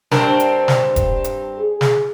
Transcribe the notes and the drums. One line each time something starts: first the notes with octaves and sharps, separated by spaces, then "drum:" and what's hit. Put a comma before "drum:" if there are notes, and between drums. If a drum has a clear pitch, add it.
G2 C4 D4 A#4, drum: snare
drum: hi-hat
drum: snare
drum: kick E1, hi-hat
drum: hi-hat
G#4
drum: snare